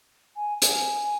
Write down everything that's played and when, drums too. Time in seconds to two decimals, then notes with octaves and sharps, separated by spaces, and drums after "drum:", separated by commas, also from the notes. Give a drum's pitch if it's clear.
0.36 G#5
0.62 G#5, drum: hi-hat